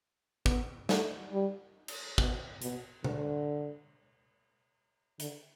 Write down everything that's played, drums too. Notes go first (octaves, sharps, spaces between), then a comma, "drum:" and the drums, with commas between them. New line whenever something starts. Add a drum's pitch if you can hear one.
B3, drum: kick
A3, drum: snare
G3
drum: cymbal
B2, drum: kick
B2, drum: hi-hat
D3, drum: tom B2
D3, drum: hi-hat